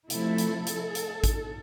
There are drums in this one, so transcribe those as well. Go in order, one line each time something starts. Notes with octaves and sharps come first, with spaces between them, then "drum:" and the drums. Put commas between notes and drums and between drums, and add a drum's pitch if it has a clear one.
C3 F3 A3 E4 A4, drum: hi-hat
drum: hi-hat
drum: hi-hat
drum: hi-hat
drum: kick, hi-hat